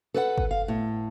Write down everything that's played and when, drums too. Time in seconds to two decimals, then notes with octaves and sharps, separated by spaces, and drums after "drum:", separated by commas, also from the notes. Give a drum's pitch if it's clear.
0.14 A4 B4 D5 F#5
0.38 drum: kick
0.51 F5
0.68 A2